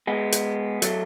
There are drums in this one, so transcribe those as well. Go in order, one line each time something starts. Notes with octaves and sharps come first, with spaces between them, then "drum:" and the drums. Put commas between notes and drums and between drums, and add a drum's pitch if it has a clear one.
G#3 B3
drum: hi-hat
F#3 A3, drum: hi-hat